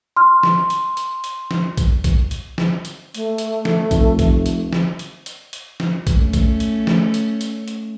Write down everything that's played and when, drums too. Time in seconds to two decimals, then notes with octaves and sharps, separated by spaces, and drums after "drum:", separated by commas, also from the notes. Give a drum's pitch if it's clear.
0.17 C6 F6
0.43 drum: snare
0.70 drum: hi-hat
0.97 drum: hi-hat
1.24 drum: hi-hat
1.51 drum: snare
1.77 drum: kick A#1, hi-hat
2.04 drum: kick A#1, hi-hat
2.31 drum: hi-hat
2.58 drum: snare
2.85 drum: hi-hat
3.15 A3, drum: hi-hat
3.38 drum: hi-hat
3.65 drum: snare
3.91 F1, drum: kick A#1, hi-hat
4.19 drum: kick A#1, hi-hat
4.46 drum: hi-hat
4.73 drum: snare
4.99 drum: hi-hat
5.26 drum: hi-hat
5.53 drum: hi-hat
5.80 drum: snare
6.07 drum: kick A#1, hi-hat
6.16 A3 C#4
6.33 drum: kick A#1, hi-hat
6.60 drum: hi-hat
6.87 drum: snare
7.14 drum: hi-hat
7.41 drum: hi-hat
7.68 drum: hi-hat